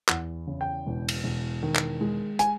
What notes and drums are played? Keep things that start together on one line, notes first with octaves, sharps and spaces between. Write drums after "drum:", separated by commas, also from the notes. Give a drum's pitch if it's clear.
E2 F#5, drum: clap
C#3
G5
E1
drum: cymbal
E1
D#3
drum: clap
G#3
G#5, drum: hi-hat